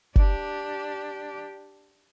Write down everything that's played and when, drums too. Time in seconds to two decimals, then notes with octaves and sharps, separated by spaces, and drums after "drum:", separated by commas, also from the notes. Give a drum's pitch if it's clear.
0.16 D4 G4, drum: kick F#1